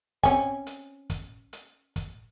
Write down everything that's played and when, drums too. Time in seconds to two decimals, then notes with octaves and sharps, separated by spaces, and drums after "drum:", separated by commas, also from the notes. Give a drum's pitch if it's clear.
0.23 C4 C#4 G#5, drum: kick, hi-hat
0.67 drum: hi-hat
1.10 drum: kick, hi-hat
1.53 drum: hi-hat
1.96 drum: kick, hi-hat